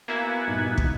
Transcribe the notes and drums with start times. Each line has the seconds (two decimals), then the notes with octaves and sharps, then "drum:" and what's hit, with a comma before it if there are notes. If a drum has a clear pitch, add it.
0.08 A#3 B3 E4 F#4 G#5
0.48 G2 A#2 D#4
0.78 drum: kick